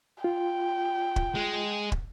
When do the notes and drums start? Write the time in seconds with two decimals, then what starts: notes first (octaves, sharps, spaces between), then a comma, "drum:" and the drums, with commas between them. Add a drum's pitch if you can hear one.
0.24 F4 G5
1.16 drum: kick
1.35 G#3
1.92 drum: kick